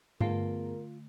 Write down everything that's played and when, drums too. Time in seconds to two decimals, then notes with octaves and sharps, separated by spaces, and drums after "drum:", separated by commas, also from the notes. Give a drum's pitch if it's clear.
0.21 G2 D3 A3 B3 F4 G#4 A#4, drum: tom G2